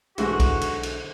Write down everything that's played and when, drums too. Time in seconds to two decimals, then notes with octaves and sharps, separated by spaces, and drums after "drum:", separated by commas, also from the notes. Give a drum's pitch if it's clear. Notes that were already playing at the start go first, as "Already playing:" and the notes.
0.18 B1 G#2 D3 E3 F#4, drum: cymbal
0.40 drum: kick, cymbal
0.61 drum: cymbal
0.83 drum: cymbal